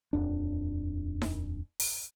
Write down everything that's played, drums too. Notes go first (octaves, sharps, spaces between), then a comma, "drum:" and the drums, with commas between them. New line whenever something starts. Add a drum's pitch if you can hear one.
D#1 F2 D4
drum: snare D#4
drum: open hi-hat